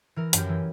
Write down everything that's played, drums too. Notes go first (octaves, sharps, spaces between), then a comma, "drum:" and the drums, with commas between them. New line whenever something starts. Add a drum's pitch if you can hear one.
E3 A#4
F#2 G4, drum: hi-hat
E3